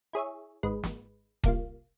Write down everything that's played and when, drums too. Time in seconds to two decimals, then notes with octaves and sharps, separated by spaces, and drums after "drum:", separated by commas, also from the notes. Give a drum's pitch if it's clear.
0.13 E4 G#4 C#5 E5
0.63 G#1 G#3 B4
0.84 drum: snare
1.44 C2 A#3 F4, drum: kick D#1